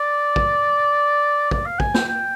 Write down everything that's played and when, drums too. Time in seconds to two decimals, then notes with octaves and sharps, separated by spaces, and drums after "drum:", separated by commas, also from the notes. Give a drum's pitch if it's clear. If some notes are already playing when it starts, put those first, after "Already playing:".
Already playing: D5
0.36 drum: kick
1.51 D5, drum: kick
1.66 F5
1.80 G#5, drum: kick
1.94 G5, drum: snare
2.09 G5